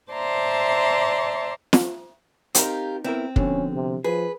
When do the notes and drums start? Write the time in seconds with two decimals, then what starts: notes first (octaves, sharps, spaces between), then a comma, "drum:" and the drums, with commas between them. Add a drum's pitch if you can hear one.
0.10 C5 D5 E5 A5 A#5 C6
1.73 drum: snare
2.55 C4 D#4 F4 G4 A#4, drum: hi-hat
3.04 B3 C4 E4 A#4
3.36 F2 B2 D3 C#4, drum: kick
3.74 C3
4.04 F3 G#4 B4